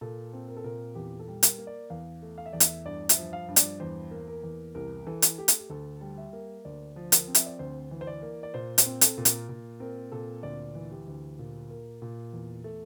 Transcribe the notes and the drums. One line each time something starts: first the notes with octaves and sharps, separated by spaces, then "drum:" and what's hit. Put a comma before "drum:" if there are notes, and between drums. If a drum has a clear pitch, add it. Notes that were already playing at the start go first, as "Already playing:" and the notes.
A#2 A4
C4
A#4
A4
A#2 A#4
E2 G4
A4
G3
A#4, drum: hi-hat
A#3
D5
E2 F5
A3
F5
E5
E2 D5
E5, drum: hi-hat
G2 D5
E5, drum: hi-hat
F3
F5
G2
D5, drum: hi-hat
E2 C5
A#3
A#4
E2
C2 A#4
E3 A4
drum: hi-hat
A3 G4
A4, drum: hi-hat
G4
D2 A4
G3
E5
A#3
D2 D5
F3
A#4, drum: hi-hat
C4
E5, drum: hi-hat
D5
D2 C5
E3
C5
D5
A#3
D5
A#2 C5
C5, drum: hi-hat
C4
A4, drum: hi-hat
A#2
A#4, drum: hi-hat
A#2
C4 A#4
A#2 A4
D2 D5
E3
G4
D2
A#2
A#3
A#2
E2
A3